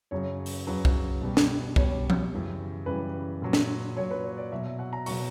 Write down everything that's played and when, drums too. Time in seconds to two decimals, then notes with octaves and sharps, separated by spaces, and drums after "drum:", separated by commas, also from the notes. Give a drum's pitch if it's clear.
0.11 F#2 C#3 F#3 C#5
0.46 drum: open hi-hat
0.67 F#2 C#3 F#3 B4
0.85 drum: kick C2
1.22 B2 G3
1.37 drum: snare
1.76 B2 G3 C#5, drum: kick C2
2.10 drum: tom F3
2.32 F#2 C#3 E3 G3
2.86 F#2 C#3 E3 G3 B4
3.42 A#2 F#3
3.53 drum: snare
3.96 A#2 F#3 C#5
4.11 B4
4.24 C#5
4.38 D5
4.52 B2 F#3 E5
4.66 E5
4.79 F#5
4.93 A#5
5.06 B2 F#3 C#6, drum: open hi-hat